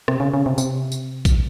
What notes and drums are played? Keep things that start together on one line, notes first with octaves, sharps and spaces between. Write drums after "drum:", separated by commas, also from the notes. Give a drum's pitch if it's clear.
C3, drum: rim click
C#3
C#3
C3
C3, drum: tambourine
drum: tambourine
drum: kick A#1, tambourine